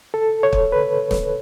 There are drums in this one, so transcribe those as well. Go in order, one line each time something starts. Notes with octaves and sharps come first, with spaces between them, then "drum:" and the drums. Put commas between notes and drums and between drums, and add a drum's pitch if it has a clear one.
A4
C#5
drum: kick
B4
drum: snare